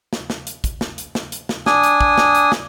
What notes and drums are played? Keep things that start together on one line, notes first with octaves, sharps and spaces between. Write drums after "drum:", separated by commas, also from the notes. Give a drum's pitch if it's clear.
drum: snare
drum: snare
drum: hi-hat
drum: kick, hi-hat
drum: snare
drum: hi-hat
drum: snare
drum: hi-hat
drum: snare
D4 G#5 D#6, drum: snare
drum: hi-hat
drum: kick
drum: snare
drum: hi-hat
drum: snare